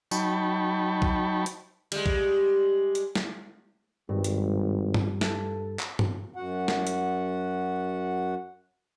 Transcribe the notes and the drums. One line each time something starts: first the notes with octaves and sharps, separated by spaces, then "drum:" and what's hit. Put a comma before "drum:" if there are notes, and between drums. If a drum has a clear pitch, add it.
F#3 D#4 G5 A5 B5 C#6, drum: tambourine
drum: kick B1
drum: hi-hat
G3 G#3, drum: cymbal
drum: kick B1
drum: hi-hat
drum: snare
G#1 G2
drum: hi-hat
drum: tom G2
A4, drum: snare
drum: clap
drum: tom G2
F#2 F#4 F#5
drum: snare
drum: hi-hat